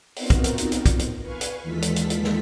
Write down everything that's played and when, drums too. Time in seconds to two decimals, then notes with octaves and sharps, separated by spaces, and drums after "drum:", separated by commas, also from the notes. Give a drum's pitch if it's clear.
0.16 B3 C4 D#4 F4 F#4 A#4, drum: open hi-hat
0.30 drum: kick, hi-hat
0.44 drum: hi-hat
0.58 drum: hi-hat
0.72 drum: hi-hat
0.86 drum: kick, hi-hat
0.99 drum: hi-hat
1.22 B4 F5 G#5 C#6
1.41 drum: hi-hat
1.62 D#2 E3 G#3 F4 A4 B6
1.82 drum: hi-hat
1.96 drum: hi-hat
2.10 drum: hi-hat
2.24 drum: snare